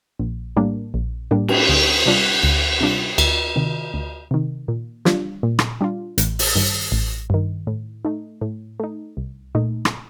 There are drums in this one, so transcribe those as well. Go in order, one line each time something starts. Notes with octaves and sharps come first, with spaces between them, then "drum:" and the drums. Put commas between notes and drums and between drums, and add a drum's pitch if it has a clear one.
A#1
A2 G3 A#3 D4
A#1
A2 G3 A#3 D4
drum: cymbal
D2
C3 G3 D4 F4
D2
C3 G3 D4 F4
D2, drum: cymbal
C3 D#3
D2
C3 D#3
A#2
G3 D4 F4, drum: snare
A#2
drum: rim click
G3 D4 F4
A1, drum: hi-hat
drum: open hi-hat
G2 D#3
A1
G2 D#3
A2
A3 D#4
A2
A3 D#4
C2
A#2 A3 D#4
drum: rim click